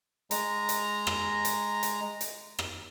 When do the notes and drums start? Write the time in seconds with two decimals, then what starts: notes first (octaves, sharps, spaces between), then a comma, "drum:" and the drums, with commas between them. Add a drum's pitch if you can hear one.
0.31 G#3 A#5, drum: hi-hat
0.69 drum: hi-hat
1.07 drum: rim click
1.45 drum: hi-hat
1.83 drum: hi-hat
2.21 drum: hi-hat
2.59 drum: rim click